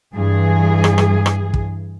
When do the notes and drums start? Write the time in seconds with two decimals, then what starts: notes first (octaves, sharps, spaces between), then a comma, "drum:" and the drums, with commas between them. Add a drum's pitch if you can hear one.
0.14 G2 E3 G#4
0.84 drum: rim click
0.98 drum: rim click
1.26 drum: rim click
1.54 drum: kick